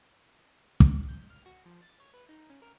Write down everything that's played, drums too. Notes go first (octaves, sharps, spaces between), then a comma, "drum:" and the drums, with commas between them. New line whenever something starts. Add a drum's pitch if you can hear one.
drum: kick
G6
F6
F#4
F3
A6
C#5
B4
D#4
C#4
A#4